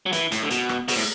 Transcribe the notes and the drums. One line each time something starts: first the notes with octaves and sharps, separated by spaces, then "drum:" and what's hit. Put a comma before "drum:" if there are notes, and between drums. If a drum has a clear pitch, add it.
F#3
E3, drum: hi-hat
A2, drum: hi-hat
D3
B2, drum: hi-hat
drum: rim click
B2, drum: open hi-hat
A2